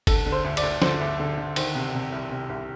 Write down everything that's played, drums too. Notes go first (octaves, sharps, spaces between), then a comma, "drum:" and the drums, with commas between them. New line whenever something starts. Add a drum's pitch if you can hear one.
D3 A4, drum: kick G1, cymbal
D3
C5
D2
D5, drum: cymbal
D2
D3 C5, drum: snare
D2
D3
D3
D#3 C5, drum: cymbal
C3
C3
C2
C3
C2